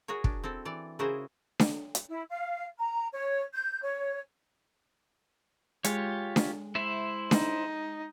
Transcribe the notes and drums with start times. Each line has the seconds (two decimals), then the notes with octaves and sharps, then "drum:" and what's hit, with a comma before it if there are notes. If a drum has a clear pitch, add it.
0.08 F#4 G#4 A#4 C#5
0.24 D4, drum: kick
0.44 C4 E4 A4
0.65 E3 D5
0.99 C#3 E4 F#4 G#4 A#4 C5
1.60 drum: snare D4
1.95 drum: hi-hat
2.08 E4
2.28 F5
2.77 A#5
3.12 C#5
3.52 G6
3.82 C#5
5.84 G#3 F4 G4 C#5, drum: hi-hat
6.36 drum: snare D4
6.75 E4 C5 E5
7.31 D#4, drum: snare D4